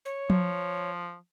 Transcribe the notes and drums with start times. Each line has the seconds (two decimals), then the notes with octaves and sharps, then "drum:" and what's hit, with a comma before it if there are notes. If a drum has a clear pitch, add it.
0.05 C#5
0.30 F3, drum: tom F3